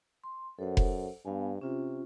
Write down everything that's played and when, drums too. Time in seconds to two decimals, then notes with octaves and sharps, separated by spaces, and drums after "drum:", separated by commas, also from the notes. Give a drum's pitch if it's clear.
0.24 C6
0.59 F#2 A4 C5 F#5
0.77 drum: kick F1
1.25 G2 B3 F5 G#5
1.61 C3 C#4 F4